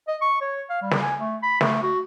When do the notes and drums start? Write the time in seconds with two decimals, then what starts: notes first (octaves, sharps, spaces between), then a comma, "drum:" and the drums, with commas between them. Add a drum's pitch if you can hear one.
0.08 D#5
0.21 C#6
0.41 C#5
0.70 F5
0.82 G3
0.91 drum: snare
1.01 G#5
1.19 A3
1.43 B5
1.61 A3, drum: snare
1.83 F#4